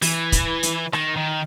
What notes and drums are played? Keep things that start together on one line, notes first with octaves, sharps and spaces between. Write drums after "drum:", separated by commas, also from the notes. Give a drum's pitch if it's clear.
E3, drum: open hi-hat
drum: kick, hi-hat
drum: hi-hat
D#3, drum: rim click
D#3